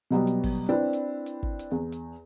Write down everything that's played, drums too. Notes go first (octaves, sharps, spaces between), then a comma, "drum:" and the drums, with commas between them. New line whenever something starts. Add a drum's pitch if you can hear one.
B2 F#3 G3 B3
drum: hi-hat
drum: kick, open hi-hat
C4 D4 E4 B4
drum: hi-hat
drum: hi-hat
drum: kick
drum: hi-hat
E2
drum: hi-hat